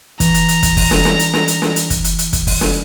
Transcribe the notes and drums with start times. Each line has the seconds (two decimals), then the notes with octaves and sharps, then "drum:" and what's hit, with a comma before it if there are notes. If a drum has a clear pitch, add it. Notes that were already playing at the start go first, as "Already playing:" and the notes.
0.20 E3 A#5, drum: kick, hi-hat
0.34 drum: hi-hat
0.48 drum: hi-hat
0.63 drum: kick, hi-hat
0.77 drum: kick, open hi-hat
0.91 drum: snare
1.05 drum: snare
1.19 drum: hi-hat
1.33 drum: snare
1.48 drum: hi-hat
1.62 drum: snare
1.76 drum: hi-hat
1.90 drum: kick, hi-hat
2.04 drum: hi-hat
2.19 drum: hi-hat
2.33 drum: kick, hi-hat
2.47 drum: kick, open hi-hat
2.61 drum: snare